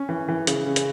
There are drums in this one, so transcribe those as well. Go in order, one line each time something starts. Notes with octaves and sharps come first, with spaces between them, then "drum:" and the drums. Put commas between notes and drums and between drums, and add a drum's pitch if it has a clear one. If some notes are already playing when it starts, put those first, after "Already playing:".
Already playing: C#4
E3
E3
C#3, drum: hi-hat
C#3
drum: hi-hat